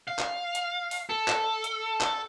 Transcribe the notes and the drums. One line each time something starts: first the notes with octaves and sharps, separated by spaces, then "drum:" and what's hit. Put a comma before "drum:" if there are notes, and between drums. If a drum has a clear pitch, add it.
F5
drum: clap
drum: hi-hat
drum: open hi-hat
A4
drum: clap
drum: hi-hat
drum: clap